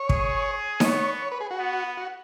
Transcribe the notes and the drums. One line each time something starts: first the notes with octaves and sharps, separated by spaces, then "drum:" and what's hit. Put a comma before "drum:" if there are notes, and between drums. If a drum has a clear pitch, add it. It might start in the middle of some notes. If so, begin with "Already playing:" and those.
Already playing: C#5
G#4, drum: kick
D#5, drum: snare D#4
B3 C#5
C#5
B4
G#4
F#4
B3
F#4